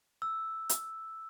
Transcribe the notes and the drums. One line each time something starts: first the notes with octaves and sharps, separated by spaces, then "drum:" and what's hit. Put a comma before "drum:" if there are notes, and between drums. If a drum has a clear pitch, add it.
E6
drum: hi-hat